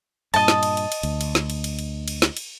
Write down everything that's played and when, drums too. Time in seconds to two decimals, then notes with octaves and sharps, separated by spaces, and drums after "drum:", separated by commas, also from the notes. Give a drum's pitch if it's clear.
0.34 G2 A#2 D#5 A5, drum: cymbal
0.48 drum: snare
0.63 drum: cymbal
0.77 drum: cymbal
0.92 drum: cymbal
1.03 D2, drum: cymbal
1.21 drum: cymbal
1.35 drum: snare
1.50 drum: cymbal
1.64 drum: cymbal
1.79 drum: cymbal
2.08 drum: cymbal
2.22 drum: snare
2.37 drum: cymbal